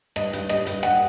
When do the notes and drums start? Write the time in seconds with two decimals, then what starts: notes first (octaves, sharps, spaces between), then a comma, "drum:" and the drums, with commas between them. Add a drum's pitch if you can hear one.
0.16 G2 D#5, drum: rim click
0.33 G2, drum: hi-hat
0.49 G2 D#5, drum: rim click
0.66 G2, drum: hi-hat
0.83 G2 F#5, drum: rim click